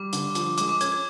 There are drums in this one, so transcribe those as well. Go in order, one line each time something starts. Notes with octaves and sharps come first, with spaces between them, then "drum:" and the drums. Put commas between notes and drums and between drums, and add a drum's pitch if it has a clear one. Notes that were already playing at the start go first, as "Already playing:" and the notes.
Already playing: G3 D6
D3, drum: hi-hat
F3, drum: hi-hat
G#3 D6, drum: hi-hat
D6
C#4 G#6, drum: hi-hat
G#6